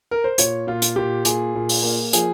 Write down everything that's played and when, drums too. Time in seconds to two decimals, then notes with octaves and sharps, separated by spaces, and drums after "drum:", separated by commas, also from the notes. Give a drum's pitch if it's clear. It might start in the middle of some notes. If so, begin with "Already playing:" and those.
0.11 A#4
0.24 C5
0.38 A#2 C#5, drum: hi-hat
0.67 A#2 F4
0.82 drum: hi-hat
0.96 A#2 G4
1.25 A#2 G#4, drum: hi-hat
1.55 A#2
1.69 drum: open hi-hat
1.83 A#3
2.13 F3 G#4, drum: hi-hat